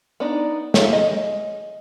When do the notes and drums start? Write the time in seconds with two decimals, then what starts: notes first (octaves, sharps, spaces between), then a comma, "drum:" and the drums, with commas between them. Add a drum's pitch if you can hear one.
0.20 B3 D4 D#4
0.74 F3 A4 C#5 E5, drum: snare
0.90 G#4 D#5